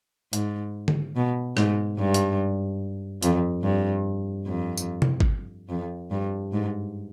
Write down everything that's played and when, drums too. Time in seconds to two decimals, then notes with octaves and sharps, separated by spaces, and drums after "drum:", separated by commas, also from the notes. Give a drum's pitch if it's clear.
0.33 G#2, drum: hi-hat
0.88 drum: tom D3
1.16 B2
1.57 G#2, drum: rim click
1.98 G2
2.14 drum: hi-hat
3.23 F2, drum: hi-hat
3.63 G2
4.46 F2
4.77 drum: tambourine
5.02 drum: tom C3
5.20 drum: kick
5.69 F2
6.11 G2
6.52 G#2